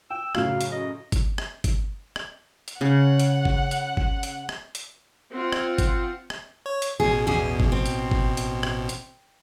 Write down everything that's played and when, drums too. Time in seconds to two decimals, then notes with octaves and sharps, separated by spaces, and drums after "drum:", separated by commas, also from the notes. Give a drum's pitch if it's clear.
0.10 G5 E6
0.35 F#2 A2 C#3 F5, drum: rim click
0.61 drum: hi-hat
0.72 D#5
1.12 drum: kick G1, hi-hat
1.38 drum: rim click
1.64 drum: kick G1, hi-hat
2.16 drum: rim click
2.68 drum: hi-hat
2.81 C#3 F#5
3.19 drum: hi-hat
3.45 drum: kick G1
3.71 drum: hi-hat
3.97 drum: kick G1
4.23 drum: hi-hat
4.49 drum: rim click
4.75 drum: hi-hat
5.33 C4 F4 F#5
5.53 drum: rim click
5.78 drum: kick G1, hi-hat
6.30 drum: rim click
6.66 C#5
6.82 drum: hi-hat
7.00 A1 B2 G#4
7.27 E2 G#4
7.60 drum: kick G1
7.72 C4
7.86 drum: hi-hat
8.11 drum: kick G1
8.37 drum: hi-hat
8.63 drum: rim click
8.89 drum: hi-hat